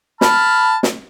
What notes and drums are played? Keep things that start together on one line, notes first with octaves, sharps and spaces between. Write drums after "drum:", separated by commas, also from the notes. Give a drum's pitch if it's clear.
A5 B5 F6, drum: snare
drum: snare